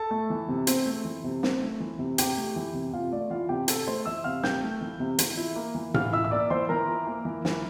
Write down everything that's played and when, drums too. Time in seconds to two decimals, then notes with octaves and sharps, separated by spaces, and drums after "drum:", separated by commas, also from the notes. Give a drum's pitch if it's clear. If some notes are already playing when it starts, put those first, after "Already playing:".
Already playing: A4 A5
0.11 A3
0.30 E3
0.48 C3
0.67 C4, drum: hi-hat
0.86 A3
1.05 E3
1.24 C3
1.43 C4, drum: snare
1.62 A3
1.80 E3
1.99 C3
2.18 C3 G4 G5, drum: hi-hat
2.37 A3
2.56 E3
2.74 C3
2.93 C3 F4 F5
3.11 A3 D5
3.30 E3 F4 F5
3.49 C3 G4 G5
3.68 C3 A4 A5, drum: hi-hat
3.87 A3 C5 C6
4.05 E3 E5 E6
4.24 C3 F5 F6
4.43 C3 G5 G6, drum: snare
4.62 A3
4.81 E3
5.00 C3
5.19 E3, drum: hi-hat
5.37 E4
5.56 A#3
5.75 E3
5.94 E3 F5 F6, drum: tom A2
6.12 E4 E5 E6
6.24 E6
6.31 A#3 D5 D6
6.50 E3 C5 C6
6.69 E3 A#4 A#5
6.88 E4
7.07 A#3
7.25 E3
7.45 E3, drum: snare